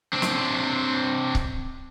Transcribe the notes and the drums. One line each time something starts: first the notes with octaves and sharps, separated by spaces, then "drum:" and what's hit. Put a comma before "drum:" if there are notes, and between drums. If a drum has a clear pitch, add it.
C4 D4
drum: snare
drum: kick C#1